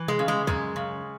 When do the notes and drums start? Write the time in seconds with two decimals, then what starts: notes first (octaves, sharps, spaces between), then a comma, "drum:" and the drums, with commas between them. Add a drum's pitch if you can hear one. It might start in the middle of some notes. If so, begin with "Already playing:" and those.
Already playing: E3
0.08 G#3, drum: tom B2
0.19 C#3
0.28 G#3
0.47 F#2 G#3, drum: kick
0.76 C#3